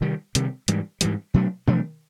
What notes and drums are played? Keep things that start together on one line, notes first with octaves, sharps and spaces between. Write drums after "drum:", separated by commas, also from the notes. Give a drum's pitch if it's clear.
C3 D#3 G3
C3 D#3 G3, drum: hi-hat
G#2 E3 G3, drum: hi-hat
G#2 E3 G3, drum: hi-hat
B2 F#3 A3 D4
B2 F#3 A3 D4, drum: tom